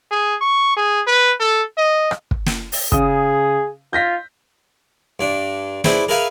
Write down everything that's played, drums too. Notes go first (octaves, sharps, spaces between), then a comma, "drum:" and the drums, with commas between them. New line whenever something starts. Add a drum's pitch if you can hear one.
G#4
C#6
G#4
B4
A4
D#5
drum: rim click
drum: kick
drum: snare
drum: open hi-hat
C#3 G#4 D#6, drum: kick
F4 G6 A#6 B6
G2 D4
E4 G#4 B4 C5 D5 E5, drum: snare
G#4 A#4 B4 E5 F5 G#5